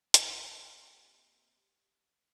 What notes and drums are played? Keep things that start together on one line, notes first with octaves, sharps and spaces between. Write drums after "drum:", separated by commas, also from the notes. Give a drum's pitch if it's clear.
A#3 C4 G4, drum: hi-hat